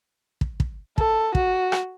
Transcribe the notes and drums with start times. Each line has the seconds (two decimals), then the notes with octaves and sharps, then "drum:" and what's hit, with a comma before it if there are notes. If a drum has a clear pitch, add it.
0.41 drum: kick
0.60 drum: kick
0.98 A4, drum: kick
1.35 F#4, drum: kick
1.72 drum: rim click